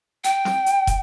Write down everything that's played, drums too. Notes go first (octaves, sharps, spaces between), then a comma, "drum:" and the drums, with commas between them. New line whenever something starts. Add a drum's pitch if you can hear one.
G5, drum: hi-hat
drum: snare
drum: hi-hat
drum: kick, hi-hat